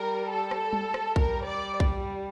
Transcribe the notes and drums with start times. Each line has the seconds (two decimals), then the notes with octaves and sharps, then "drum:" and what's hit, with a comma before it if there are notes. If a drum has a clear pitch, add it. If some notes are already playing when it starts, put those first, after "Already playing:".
Already playing: G3 A#4
0.30 A4
0.51 drum: rim click
0.73 drum: tom
0.94 drum: rim click
1.16 G3 A#4, drum: kick B1
1.45 D5
1.80 drum: kick B1